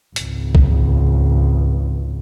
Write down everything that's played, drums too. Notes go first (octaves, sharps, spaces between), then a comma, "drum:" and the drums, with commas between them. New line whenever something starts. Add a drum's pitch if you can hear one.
G#1 C#2, drum: hi-hat
drum: kick